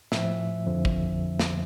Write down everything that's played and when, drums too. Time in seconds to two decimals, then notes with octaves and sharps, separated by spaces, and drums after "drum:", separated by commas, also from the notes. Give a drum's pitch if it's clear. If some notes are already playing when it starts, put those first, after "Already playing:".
0.12 A2 F3 E5, drum: snare
0.67 F2 D3 F3
0.85 drum: kick A1
1.40 drum: snare